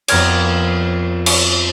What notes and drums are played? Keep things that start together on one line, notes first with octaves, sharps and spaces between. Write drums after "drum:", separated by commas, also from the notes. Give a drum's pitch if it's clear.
F2 B3 A#4 F6 G#6 D7, drum: cymbal
drum: cymbal